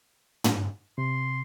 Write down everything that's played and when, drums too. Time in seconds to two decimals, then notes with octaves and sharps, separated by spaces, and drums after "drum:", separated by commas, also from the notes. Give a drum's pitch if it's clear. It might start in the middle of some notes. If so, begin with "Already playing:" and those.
0.44 drum: tom
0.98 C3 C6